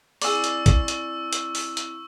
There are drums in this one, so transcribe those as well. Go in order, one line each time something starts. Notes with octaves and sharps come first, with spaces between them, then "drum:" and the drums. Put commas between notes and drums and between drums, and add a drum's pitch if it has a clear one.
C4 E4 G#4 D5 C#6 E6, drum: open hi-hat
drum: hi-hat
drum: kick, hi-hat
drum: hi-hat
drum: hi-hat
drum: open hi-hat
drum: hi-hat